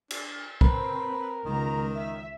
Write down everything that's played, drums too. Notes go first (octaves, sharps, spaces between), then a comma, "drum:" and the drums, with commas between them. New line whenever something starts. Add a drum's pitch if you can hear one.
D4, drum: cymbal
C4 A#4 B4, drum: kick B1
C#2 D#3 A#5
E5